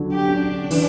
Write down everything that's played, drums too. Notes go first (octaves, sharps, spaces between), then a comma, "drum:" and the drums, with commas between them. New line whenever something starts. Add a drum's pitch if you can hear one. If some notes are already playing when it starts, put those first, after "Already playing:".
Already playing: D3 F#3
G4
C#4
D4
E3, drum: open hi-hat